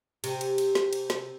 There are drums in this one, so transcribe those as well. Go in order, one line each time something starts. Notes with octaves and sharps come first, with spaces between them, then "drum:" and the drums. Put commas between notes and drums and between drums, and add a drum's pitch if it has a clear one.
C3, drum: cymbal
drum: cymbal
drum: cymbal
drum: snare
drum: cymbal
drum: snare